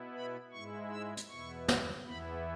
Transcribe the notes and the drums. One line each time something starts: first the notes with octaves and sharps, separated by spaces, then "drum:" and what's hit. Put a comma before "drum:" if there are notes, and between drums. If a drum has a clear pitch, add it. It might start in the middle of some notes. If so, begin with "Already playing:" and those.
Already playing: B2 B3 E4
B5
G#2 G#3 E4 C#6
E6
drum: hi-hat
E2 B2 B3 E4 C#6
drum: snare
E2 E3 B3 E4 B5